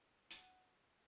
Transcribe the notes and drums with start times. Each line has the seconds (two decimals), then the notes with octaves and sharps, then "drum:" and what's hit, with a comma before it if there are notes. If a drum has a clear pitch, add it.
0.30 F#5, drum: hi-hat